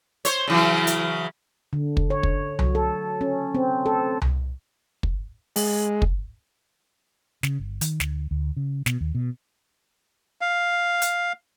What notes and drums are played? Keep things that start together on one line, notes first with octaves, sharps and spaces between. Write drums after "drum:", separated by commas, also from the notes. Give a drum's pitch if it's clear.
C5 C#5, drum: hi-hat
C#3 E3 F#3
drum: hi-hat
D3
drum: kick
C#5
drum: kick
F#3, drum: tom C2
A4
C#4
C4
A4
drum: tom C2
drum: kick
G#3, drum: open hi-hat
drum: kick
C#3, drum: snare
G1
D#3, drum: hi-hat
D2, drum: snare
D2
C#3
B2, drum: snare
D#2
B2
F5
drum: hi-hat